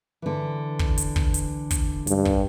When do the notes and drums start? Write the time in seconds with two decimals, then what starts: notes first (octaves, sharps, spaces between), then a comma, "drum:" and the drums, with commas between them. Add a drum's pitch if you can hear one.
0.22 D3 E3
0.79 drum: kick
0.98 drum: hi-hat
1.16 drum: kick
1.34 drum: hi-hat
1.71 drum: kick, hi-hat
2.07 G2, drum: hi-hat
2.25 drum: kick